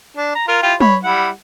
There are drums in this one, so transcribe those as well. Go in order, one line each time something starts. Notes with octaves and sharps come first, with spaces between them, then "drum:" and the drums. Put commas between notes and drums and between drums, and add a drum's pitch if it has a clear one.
D4
A#5
F4 A#4
E4 F4 G4
B4 C#5 B5, drum: tom
G3 E4 F#5